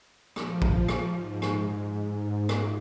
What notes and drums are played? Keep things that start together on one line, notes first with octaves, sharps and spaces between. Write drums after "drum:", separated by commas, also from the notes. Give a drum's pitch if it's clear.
F3, drum: rim click
drum: kick
drum: rim click
G#2
drum: rim click
drum: rim click